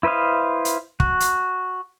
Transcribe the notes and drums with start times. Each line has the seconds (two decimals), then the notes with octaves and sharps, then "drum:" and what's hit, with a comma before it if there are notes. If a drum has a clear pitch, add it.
0.03 E4 B4 C5 D#5 F5
0.65 drum: hi-hat
1.00 F#4, drum: kick
1.20 drum: hi-hat